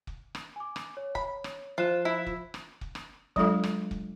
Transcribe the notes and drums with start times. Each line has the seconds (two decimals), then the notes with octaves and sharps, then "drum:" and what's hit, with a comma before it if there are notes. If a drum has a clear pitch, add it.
0.07 drum: kick
0.35 drum: rim click
0.56 G#5 D6
0.76 drum: rim click
0.97 C#5
1.15 B5, drum: kick
1.44 drum: rim click
1.78 F3 F4 C5 F#6 E7
2.05 E4
2.26 drum: kick
2.54 drum: rim click
2.81 drum: kick
2.95 drum: rim click
3.36 F#3 G#3 D4 F4 A4 F5, drum: kick
3.64 drum: rim click
3.91 drum: kick